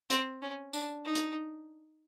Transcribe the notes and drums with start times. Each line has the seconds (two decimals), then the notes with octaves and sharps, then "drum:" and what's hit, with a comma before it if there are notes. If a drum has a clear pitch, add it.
0.10 C4, drum: hi-hat
0.42 C#4
0.73 D4, drum: tambourine
1.05 D#4
1.15 drum: hi-hat